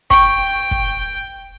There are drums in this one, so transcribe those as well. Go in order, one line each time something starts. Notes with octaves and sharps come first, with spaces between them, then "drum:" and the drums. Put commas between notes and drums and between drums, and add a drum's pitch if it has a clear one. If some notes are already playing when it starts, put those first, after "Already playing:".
G5 C#6, drum: kick
drum: kick